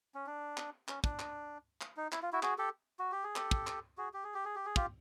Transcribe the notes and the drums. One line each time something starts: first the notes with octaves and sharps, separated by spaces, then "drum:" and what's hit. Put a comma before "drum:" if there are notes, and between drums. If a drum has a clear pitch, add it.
C#4
D4
drum: clap
C#4, drum: clap
D4, drum: kick
drum: clap
drum: clap
D#4
E4, drum: clap
F4
E4 F#4
F#4 G#4, drum: clap
G4 A4
F#4
G4
G#4
G4 A4, drum: clap
drum: kick
drum: clap
F#4 G#4
G4
G#4
G4
G#4
G4
G#4
F4 G4, drum: kick